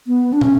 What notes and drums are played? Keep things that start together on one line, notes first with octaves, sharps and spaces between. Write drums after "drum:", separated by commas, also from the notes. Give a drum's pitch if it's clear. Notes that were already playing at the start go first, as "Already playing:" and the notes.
B3
D4
C#4, drum: tom